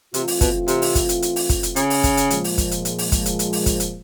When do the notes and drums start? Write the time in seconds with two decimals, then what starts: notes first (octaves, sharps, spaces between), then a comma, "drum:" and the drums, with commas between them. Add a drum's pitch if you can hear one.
0.14 C3 E3 A3 C4 F4, drum: hi-hat
0.28 drum: open hi-hat
0.41 B2, drum: kick, hi-hat
0.68 C3, drum: hi-hat
0.82 drum: open hi-hat
0.95 drum: kick, hi-hat
1.09 drum: hi-hat
1.22 drum: hi-hat
1.36 drum: open hi-hat
1.49 drum: kick, hi-hat
1.63 drum: hi-hat
1.76 C#3, drum: hi-hat
1.90 drum: open hi-hat
2.04 drum: kick, hi-hat
2.17 drum: hi-hat
2.30 A#2 F3 G#3, drum: hi-hat
2.44 drum: open hi-hat
2.58 drum: kick, hi-hat
2.71 drum: hi-hat
2.85 drum: hi-hat
2.98 drum: open hi-hat
3.12 drum: kick, hi-hat
3.26 drum: hi-hat
3.39 drum: hi-hat
3.53 drum: open hi-hat
3.66 drum: kick, hi-hat
3.80 drum: hi-hat